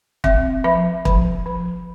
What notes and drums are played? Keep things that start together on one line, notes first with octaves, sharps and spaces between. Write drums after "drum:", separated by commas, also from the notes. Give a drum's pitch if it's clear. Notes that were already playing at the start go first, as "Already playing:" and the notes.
C4 E5, drum: kick
F3 E5
F3, drum: kick
F3